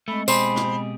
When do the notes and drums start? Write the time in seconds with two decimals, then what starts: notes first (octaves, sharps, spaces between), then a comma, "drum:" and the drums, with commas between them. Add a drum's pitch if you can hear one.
0.08 G#3 A3 C4 D#5 B5
0.28 B2 G4 G#4 C5 B5, drum: tambourine
0.56 drum: rim click